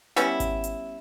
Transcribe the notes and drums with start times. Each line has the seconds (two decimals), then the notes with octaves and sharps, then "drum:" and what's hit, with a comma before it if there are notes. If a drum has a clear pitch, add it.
0.16 G3 B3 C#4 E4, drum: snare
0.40 drum: kick G#1, hi-hat
0.64 drum: hi-hat